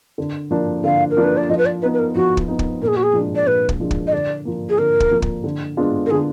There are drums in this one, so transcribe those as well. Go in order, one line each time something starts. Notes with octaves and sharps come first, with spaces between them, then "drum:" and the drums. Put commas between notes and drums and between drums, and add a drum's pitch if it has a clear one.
D3
F3 A#3 D4
D3 F5
A#4
F3 A#3 D4
B4
D5
F3 D#5
B4
D5
B3 D#4 B4
B4
A#4
F3 F#4
drum: kick
B3 D#4
drum: kick
A#2 A#4
G#4
F#4
G#4
F3 G#3 D4
D5
A#2 B4
drum: kick
F3 G#3 D4
drum: kick
D#5
D3 D5
F3 A#3
G#4
D3 A#4
drum: kick
F3 A#3
drum: kick
D3
G#3 B3 D4 F4
A#4
D3 G#4